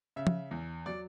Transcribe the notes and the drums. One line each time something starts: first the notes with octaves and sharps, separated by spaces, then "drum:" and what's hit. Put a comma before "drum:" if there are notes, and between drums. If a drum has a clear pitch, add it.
C#3 E5
drum: tom
E2
F#3 D5